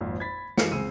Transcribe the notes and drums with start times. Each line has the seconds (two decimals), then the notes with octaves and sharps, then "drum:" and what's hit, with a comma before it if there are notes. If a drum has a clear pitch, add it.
0.01 G#1 F2 A#2
0.20 B5 G#6 A6 B6
0.58 F#2 E3 G#3 F5 C7 C#7, drum: snare
0.72 C#2 C4 G#4 E6 D#7